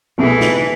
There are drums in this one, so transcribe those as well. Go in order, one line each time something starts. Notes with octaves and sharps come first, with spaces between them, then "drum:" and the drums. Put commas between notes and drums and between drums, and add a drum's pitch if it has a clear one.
C2 B2 E3 A3 E4 G#4
drum: snare